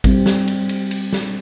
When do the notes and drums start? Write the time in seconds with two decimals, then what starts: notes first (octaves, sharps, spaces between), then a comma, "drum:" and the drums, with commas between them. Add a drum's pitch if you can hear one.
0.04 G3 C4, drum: kick A1, cymbal
0.26 drum: snare
0.48 drum: cymbal
0.69 drum: cymbal
0.91 drum: cymbal
1.13 drum: snare